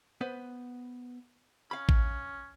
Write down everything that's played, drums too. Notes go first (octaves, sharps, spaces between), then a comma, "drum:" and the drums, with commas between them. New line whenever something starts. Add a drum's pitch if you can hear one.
B3 B4 C5
C#4 F5 B5
drum: kick A1